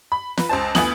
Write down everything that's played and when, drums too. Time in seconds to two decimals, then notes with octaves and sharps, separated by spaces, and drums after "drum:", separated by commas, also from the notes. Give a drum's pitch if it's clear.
0.12 B5
0.38 B4, drum: snare
0.49 C#2 C5 A5
0.75 D2 B3 G#5 D#6 F#7, drum: snare